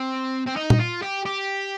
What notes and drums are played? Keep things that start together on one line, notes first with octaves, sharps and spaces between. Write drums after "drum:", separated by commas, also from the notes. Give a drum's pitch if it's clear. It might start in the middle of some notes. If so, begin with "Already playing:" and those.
Already playing: C4
C4
D#4
drum: tom
F4
G4
G4